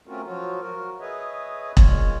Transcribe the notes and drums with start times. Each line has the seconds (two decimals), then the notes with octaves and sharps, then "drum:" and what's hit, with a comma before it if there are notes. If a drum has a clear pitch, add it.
0.07 A3 C4 C#4 F4 F#4 A#4
0.25 F3 F#3 F4 F#4
0.61 F#4 A#4
1.01 G#4 B4 C#5 D#5 E5
1.77 A#2 G#3 F4 C#5, drum: kick E1